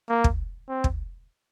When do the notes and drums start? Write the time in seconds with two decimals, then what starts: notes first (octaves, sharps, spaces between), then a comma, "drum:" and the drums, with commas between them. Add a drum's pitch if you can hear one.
0.09 A#3
0.24 drum: kick
0.69 C4
0.84 drum: kick